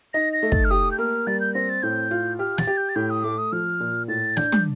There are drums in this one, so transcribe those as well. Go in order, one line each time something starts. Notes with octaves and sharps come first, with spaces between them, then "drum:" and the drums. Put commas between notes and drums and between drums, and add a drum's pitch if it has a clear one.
D#4 A#6
A#6
A3
A6, drum: kick
F6
G4 D#6
G6
A#3 F6
G3 A6
G6
C4 A#6
A6
A2 G6
F4
G4 F6
A6, drum: snare
G4
G6
A6
A2 G6
D#6
A3 D6
D#6
F3 F6
A#2
A2 A6
D4 G6, drum: snare
drum: tom